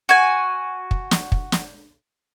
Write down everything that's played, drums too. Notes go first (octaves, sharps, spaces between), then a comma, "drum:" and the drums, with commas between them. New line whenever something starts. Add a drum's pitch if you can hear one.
F#4 G#5
drum: kick
drum: snare
drum: kick
drum: snare